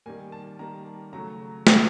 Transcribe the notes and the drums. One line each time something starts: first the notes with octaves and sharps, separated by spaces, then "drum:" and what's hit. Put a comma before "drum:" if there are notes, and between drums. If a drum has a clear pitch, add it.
D#3 G3 A#3 G#5
A5
D#3 G3 A#3 A#5
C#3 F#3 A3 A#5
C#3 F#3 A3, drum: snare